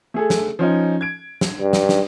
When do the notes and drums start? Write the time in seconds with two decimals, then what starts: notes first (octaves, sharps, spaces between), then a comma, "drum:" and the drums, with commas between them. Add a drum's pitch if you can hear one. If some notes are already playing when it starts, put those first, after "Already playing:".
0.14 A3 G#4 A4
0.30 drum: snare
0.59 F3 C#4 D#4
1.01 G#6 D7
1.41 drum: snare
1.59 G2
1.73 drum: snare
1.89 drum: snare